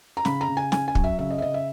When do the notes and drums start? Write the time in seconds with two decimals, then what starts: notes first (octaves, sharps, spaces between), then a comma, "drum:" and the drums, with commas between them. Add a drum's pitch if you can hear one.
0.17 A#5
0.25 C#3 B5, drum: snare
0.41 A#5
0.48 C#3
0.57 G#5
0.72 C#4 G#5, drum: snare
0.88 G#5
0.95 F#3, drum: kick
1.04 E5
1.19 C#3 E5
1.31 D#5
1.38 E5
1.42 C#3 D#5
1.54 E5